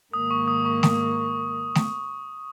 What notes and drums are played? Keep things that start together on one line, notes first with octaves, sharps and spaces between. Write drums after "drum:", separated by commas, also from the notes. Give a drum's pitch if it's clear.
G#2 D#3 A#3 D#6
C#6
D#6
C#6
D#6, drum: snare A3
drum: snare A3